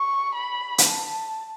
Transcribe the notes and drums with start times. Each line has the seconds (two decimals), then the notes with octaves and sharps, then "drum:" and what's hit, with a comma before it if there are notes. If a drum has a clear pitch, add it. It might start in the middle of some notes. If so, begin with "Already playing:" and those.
Already playing: C#6
0.35 B5
0.78 drum: hi-hat
0.89 A5